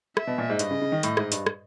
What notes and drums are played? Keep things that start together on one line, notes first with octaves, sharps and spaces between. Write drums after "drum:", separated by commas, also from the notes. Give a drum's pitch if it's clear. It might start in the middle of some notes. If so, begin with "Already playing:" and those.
E5, drum: rim click
B2
A#2
G#2
G2 D#5, drum: hi-hat
C#3
C#3
D#3
A2, drum: hi-hat
G#2, drum: rim click
G2, drum: hi-hat
drum: rim click